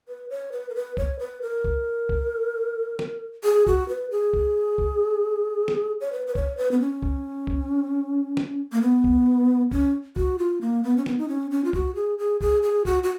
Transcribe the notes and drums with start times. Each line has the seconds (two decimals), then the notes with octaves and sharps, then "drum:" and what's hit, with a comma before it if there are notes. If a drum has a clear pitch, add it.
0.08 B4
0.30 C#5
0.52 B4
0.69 A#4
0.75 B4
0.97 C#5, drum: kick C2
1.19 B4
1.42 A#4
1.65 drum: kick C2
2.09 drum: kick C2
2.99 drum: snare
3.44 G#4
3.67 F#4, drum: kick C2
3.89 B4
4.11 G#4
4.33 drum: kick C2
4.78 drum: kick C2
5.68 drum: snare
6.01 C#5
6.12 B4
6.27 B4
6.35 C#5, drum: kick C2
6.57 B4
6.71 B3
6.80 C#4
7.02 drum: kick C2
7.47 drum: kick C2
8.37 drum: snare
8.72 A#3
8.82 B3
9.04 drum: kick C2
9.71 C#4, drum: kick C2
10.16 F#4, drum: kick C2
10.38 F4
10.61 A#3
10.84 B3
10.97 C#4
11.06 B3, drum: snare
11.18 D#4
11.28 C#4
11.51 C#4
11.64 F4
11.73 F#4, drum: kick C2
11.95 G#4
12.18 G#4
12.41 G#4, drum: kick C2
12.63 G#4
12.85 F#4, drum: kick C2
13.03 F#4